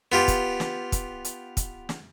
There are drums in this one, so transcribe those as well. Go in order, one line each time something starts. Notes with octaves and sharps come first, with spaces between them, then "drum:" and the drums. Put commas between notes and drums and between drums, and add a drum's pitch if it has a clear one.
B3 F4 G4
drum: kick, hi-hat
drum: snare
drum: kick, hi-hat
drum: hi-hat
drum: kick, hi-hat
drum: snare